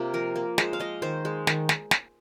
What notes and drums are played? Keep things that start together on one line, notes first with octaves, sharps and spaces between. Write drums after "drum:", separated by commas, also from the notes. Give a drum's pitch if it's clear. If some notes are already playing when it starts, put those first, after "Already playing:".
Already playing: C3 A#3 F4
F3 A#4
A#3
G#3 C5, drum: snare
F5
G#3 D#5
D#3 C5
G#3
D#3, drum: snare
drum: snare
drum: snare